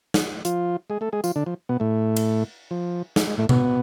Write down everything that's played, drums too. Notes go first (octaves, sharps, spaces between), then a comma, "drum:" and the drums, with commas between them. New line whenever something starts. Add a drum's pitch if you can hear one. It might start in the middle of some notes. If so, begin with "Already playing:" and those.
drum: snare
F3 F4, drum: hi-hat
G#3 G#4
A3 A4
G#3 G#4
F3 F4, drum: tambourine
D3 D4
F3
B2 B3
A2 A3
drum: cymbal
F3
G#3, drum: snare
G#3
A2 A3
B2 B3, drum: tom B2